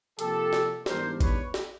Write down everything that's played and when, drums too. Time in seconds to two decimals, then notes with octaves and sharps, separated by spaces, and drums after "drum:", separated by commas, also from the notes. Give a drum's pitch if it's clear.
0.19 C3 F3 A#3 G4 A4, drum: hi-hat
0.53 drum: snare
0.86 G#2 E3 G3 B3 D4 A#4 C5, drum: snare
1.21 B4 C#5, drum: kick G#1, hi-hat
1.54 drum: snare